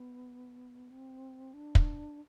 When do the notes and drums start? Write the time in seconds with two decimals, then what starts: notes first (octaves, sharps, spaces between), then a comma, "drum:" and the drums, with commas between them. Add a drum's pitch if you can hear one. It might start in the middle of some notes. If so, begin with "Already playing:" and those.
Already playing: B3
0.91 C4
1.54 D4
1.75 drum: kick